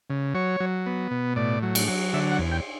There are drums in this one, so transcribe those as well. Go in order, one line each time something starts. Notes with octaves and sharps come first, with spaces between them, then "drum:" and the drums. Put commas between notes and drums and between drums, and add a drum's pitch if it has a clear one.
C#3
F#3 C#5
F#3
B3
B2
A2 D5
F#3
drum: cymbal
F#3
D3 E5
F#5
E2
G5